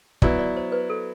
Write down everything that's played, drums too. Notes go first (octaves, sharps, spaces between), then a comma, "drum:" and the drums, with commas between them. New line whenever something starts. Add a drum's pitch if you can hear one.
F#3 B3 E4 D5, drum: kick
D5
C5
B4
A4